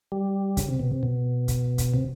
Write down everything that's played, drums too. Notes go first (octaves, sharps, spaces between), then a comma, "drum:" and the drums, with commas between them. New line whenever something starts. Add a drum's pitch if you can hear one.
G3
C#3, drum: kick, hi-hat
C3
B2
C3
B2
drum: kick, hi-hat
drum: kick, hi-hat
C3